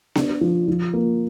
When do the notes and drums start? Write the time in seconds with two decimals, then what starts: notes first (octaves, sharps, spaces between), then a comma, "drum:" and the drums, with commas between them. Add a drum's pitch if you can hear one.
0.15 D4, drum: snare B3
0.41 F3
0.68 F3
0.94 A#3